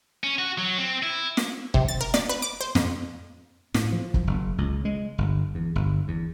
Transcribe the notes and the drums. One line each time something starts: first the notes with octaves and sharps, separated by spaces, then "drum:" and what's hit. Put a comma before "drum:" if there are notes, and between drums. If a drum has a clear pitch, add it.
C#4
F#4
F#3
C4
E4
drum: snare
C3, drum: kick
A6
A#4
D5, drum: snare
B4
D6
C5
F2, drum: snare
A2, drum: snare
F3
drum: kick
F#1
C#2
G#3
G1
E2
G1
E2